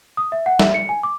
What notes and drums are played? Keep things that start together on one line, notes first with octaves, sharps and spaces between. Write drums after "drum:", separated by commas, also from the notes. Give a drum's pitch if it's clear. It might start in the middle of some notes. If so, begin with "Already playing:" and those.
D#6
E5
F#5
E5, drum: snare
C#7
G#5
D6